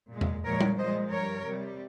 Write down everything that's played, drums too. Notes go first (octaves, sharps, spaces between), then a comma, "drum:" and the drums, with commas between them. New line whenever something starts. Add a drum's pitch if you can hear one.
A#2 G#3
drum: tom E2
A#2 F3 G#3 A#4 C#5
drum: tom G3
A#2 F3 G#3 C5 D#5
G2 G3 A#4 C#5
C3 G3